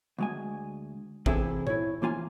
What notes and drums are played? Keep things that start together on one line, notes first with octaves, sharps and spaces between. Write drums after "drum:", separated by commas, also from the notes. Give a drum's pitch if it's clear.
D2 G#3 G#5
C3 E3 C4 E4 G#4 A4, drum: kick
E4 C#5, drum: tom A#2
E3 A#3 F4 G#5